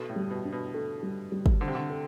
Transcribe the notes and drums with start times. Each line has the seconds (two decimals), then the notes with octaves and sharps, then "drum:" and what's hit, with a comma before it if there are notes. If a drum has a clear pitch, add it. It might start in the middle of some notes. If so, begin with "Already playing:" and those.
Already playing: B2 A4
0.09 A2
0.16 G3
0.31 B2
0.45 D4
0.52 B2
0.74 A4
1.03 G3
1.32 G3
1.46 drum: kick
1.60 D3 C5
1.68 C3
1.75 D3
1.90 A4